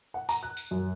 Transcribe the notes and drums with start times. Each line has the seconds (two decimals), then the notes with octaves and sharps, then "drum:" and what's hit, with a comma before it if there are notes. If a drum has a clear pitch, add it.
0.14 F#5
0.29 A#5, drum: tambourine
0.43 F#6
0.57 drum: tambourine
0.71 F#2